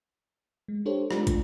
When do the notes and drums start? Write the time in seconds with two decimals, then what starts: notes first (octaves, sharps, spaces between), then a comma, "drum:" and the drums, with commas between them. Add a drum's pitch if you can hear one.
0.68 G#3
0.85 D4 G4 A4 C5 C#5
1.11 G#3 A3 D4 F4 C5 D5, drum: rim click
1.27 drum: kick, hi-hat